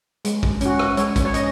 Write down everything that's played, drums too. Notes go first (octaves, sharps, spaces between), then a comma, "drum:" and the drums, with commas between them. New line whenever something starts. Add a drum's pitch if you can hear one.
G#3, drum: hi-hat
drum: kick
C#4 F#4, drum: hi-hat
drum: rim click
G#3 C#5, drum: hi-hat
drum: kick, hi-hat
C#5
C#4 D#5, drum: hi-hat